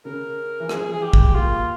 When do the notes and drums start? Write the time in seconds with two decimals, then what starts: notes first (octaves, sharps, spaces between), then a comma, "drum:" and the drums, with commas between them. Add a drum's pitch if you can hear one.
0.05 C#3 A#4
0.60 E3
0.69 F3 G#4, drum: rim click
0.91 E3 G#4
1.02 G4
1.13 G#3, drum: kick
1.35 A#3 F4